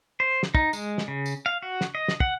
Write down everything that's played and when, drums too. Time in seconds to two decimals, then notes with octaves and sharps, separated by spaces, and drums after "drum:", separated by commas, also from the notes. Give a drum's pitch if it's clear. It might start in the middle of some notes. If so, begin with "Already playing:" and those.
0.20 C5
0.43 drum: snare
0.55 D#4, drum: kick
0.73 G#3, drum: tambourine
0.98 drum: snare
1.08 C#3
1.26 drum: tambourine
1.46 F5
1.62 F#4
1.81 drum: snare
1.95 D#5
2.08 drum: snare
2.20 F#5, drum: kick